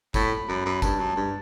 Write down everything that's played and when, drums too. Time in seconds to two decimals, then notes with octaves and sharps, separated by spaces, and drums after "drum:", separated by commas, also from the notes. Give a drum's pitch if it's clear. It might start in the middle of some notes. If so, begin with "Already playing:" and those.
0.14 A2 B5, drum: kick G1, tambourine
0.48 F#2
0.65 F#2
0.82 G2 A5, drum: kick G1, tambourine
1.00 F#2
1.16 G2